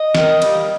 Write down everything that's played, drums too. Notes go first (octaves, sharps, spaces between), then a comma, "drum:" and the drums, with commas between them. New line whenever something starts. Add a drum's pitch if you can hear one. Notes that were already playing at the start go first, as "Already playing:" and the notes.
Already playing: D#5
D#3, drum: snare
G3 A#3, drum: cymbal